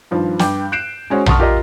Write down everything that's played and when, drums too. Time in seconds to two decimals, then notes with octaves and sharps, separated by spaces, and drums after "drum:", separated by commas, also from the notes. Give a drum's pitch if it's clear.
0.11 G2 D#3 F3
0.39 G2 G5 D6, drum: snare
0.72 F#6 G6 C7 D7 E7
1.10 G#3 C#4 F#4 C5
1.26 F#5 A5 C6 C#6 D#6 F6, drum: tom A#1
1.38 F4 G4 A#4 D#5